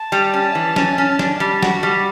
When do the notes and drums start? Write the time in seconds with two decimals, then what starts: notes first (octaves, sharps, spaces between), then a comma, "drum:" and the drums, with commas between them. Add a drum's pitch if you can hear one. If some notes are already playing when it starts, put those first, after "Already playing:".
Already playing: A5
0.12 G3
0.34 C#4
0.55 E3
0.76 C#4, drum: snare
0.98 C#4
1.19 D4, drum: snare
1.40 G3
1.63 F#4, drum: snare
1.83 G3